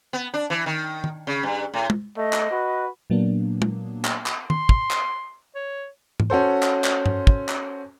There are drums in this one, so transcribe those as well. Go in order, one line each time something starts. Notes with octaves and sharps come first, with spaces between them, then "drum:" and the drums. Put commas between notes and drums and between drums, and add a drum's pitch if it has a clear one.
B3
D4
E3
D#3
drum: tom D#3
C#3
G2
A2
drum: tom
A3 D#5
drum: clap
F#4 B4
A#2 F#3 A#3 B3 D4
drum: tom
drum: clap
drum: clap
C6, drum: tom D#3
drum: kick
drum: clap
C#5
drum: tom G#2
C#4 F#4 A4 C5
drum: clap
drum: clap
drum: tom G2
drum: kick
drum: clap